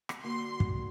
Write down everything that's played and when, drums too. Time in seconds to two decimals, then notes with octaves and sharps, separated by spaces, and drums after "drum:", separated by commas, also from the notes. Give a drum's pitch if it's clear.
0.09 drum: rim click
0.23 D3 G3 A#3 F#4 C6
0.60 drum: kick